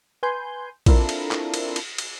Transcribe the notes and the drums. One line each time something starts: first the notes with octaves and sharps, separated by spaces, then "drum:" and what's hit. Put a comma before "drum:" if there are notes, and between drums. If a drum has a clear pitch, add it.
B4 G#5 C6 G6
C4 D4 E4 F4 A4 A#4, drum: kick A#1, cymbal
drum: cymbal
drum: clap
drum: cymbal
drum: cymbal
drum: cymbal